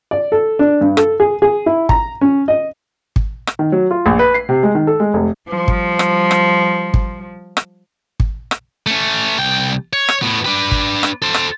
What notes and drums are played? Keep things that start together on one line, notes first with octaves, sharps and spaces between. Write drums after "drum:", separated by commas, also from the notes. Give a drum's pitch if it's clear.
D5
A4
D4
G2
A4, drum: rim click
G#4
G#4
E4
A#5, drum: kick
C#4
D#5
drum: kick
drum: rim click
D#3
F#3
F4
A#1
B4
C7
C3
G#3
D#3
A4
G#3
F1
F3 G3
drum: kick
drum: rim click
drum: rim click
drum: kick
drum: rim click
drum: kick
drum: rim click
A3 C#4
C2 G5
C#5
drum: rim click
A2 B3
D4 B4
drum: kick
drum: rim click
A4 C5
drum: rim click